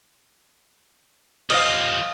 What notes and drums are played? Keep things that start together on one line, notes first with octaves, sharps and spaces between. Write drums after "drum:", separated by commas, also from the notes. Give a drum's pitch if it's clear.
G3 F4 D#5 F5, drum: cymbal